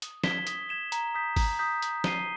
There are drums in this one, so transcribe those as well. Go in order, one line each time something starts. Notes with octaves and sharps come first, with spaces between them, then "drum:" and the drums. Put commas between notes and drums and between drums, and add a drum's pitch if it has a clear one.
D#6, drum: hi-hat
G#6 B6 E7 G7, drum: snare
D#6, drum: hi-hat
G#6 B6 E7 G7
A#5, drum: hi-hat
D#6 G6 B6
A#5, drum: kick G1, open hi-hat
D#6 G6 B6
G6, drum: hi-hat
C7 D#7 G7, drum: snare